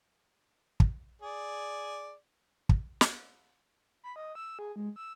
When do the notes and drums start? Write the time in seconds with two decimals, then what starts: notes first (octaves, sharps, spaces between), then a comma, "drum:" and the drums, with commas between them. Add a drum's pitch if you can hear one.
0.80 drum: kick
1.22 G#4 D5
2.69 drum: kick
3.01 drum: snare
4.03 B5
4.16 D#5
4.35 E6
4.59 G#4
4.76 G#3
4.96 E6